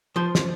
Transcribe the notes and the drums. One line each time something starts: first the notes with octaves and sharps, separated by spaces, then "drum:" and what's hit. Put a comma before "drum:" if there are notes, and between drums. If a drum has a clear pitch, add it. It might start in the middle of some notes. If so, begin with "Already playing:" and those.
F3 C5
drum: snare